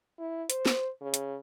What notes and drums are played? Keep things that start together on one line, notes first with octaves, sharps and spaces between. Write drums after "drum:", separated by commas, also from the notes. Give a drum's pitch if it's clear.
E4
C5, drum: hi-hat
drum: snare
C#3
drum: hi-hat